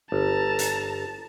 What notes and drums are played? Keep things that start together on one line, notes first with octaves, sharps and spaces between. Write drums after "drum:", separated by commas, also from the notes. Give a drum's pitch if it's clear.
G1 A5 A#5
drum: hi-hat